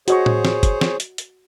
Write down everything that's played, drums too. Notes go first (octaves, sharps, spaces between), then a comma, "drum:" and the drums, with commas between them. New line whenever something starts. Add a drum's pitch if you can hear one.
F#4 G#4 C5 C#5 D#5 C#6, drum: hi-hat
drum: tom A2
drum: snare
drum: kick, hi-hat
drum: snare
drum: hi-hat
drum: hi-hat